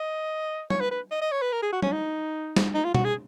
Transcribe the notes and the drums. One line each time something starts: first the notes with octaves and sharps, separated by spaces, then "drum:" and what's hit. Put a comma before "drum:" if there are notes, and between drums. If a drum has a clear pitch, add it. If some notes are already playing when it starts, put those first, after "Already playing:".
Already playing: D#5
C#5, drum: tom
B4
B4
D#5
D#5
C#5
B4
A#4
G#4
F#4
C#4, drum: tom
D#4
drum: snare
D#4
F4
F#4, drum: tom B2
G#4